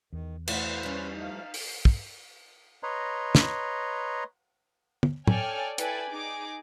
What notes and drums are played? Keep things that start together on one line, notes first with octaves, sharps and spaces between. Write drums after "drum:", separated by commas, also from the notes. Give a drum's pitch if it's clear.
E2 D#3
B2 E3 A3 B4 C5 F#5, drum: cymbal
G2 G3 C#4
F3 A3 D#4 F5
drum: open hi-hat
drum: kick
B4 C#5 D#5 A#5 C6
drum: snare
drum: tom
A4 C#5 D5 G5 G#5 F6, drum: tom
E4 A4 B4 D5 G5 G#5, drum: hi-hat
D#4 G#4 D6